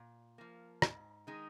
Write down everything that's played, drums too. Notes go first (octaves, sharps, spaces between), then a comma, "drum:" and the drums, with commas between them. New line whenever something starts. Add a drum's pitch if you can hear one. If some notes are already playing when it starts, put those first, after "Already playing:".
Already playing: A#2
F3 A#3
G#2, drum: rim click
D#3 G#3 D#4